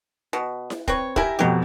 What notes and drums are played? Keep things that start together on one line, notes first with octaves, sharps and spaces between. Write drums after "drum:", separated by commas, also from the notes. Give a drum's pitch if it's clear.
B2
drum: snare E4
C4 B4 C#5, drum: kick
E4 G4 A#4 E5 G#5, drum: kick
F2 B2 F#3 C4 G4